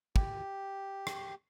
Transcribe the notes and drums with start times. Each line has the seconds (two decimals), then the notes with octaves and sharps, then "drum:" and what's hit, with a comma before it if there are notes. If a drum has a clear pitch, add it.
0.16 G4, drum: kick
1.07 drum: rim click